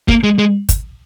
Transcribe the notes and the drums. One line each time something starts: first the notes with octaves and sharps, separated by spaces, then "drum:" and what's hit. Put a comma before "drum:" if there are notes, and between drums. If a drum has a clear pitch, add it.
A#3, drum: kick
G#3
G#3
drum: kick, hi-hat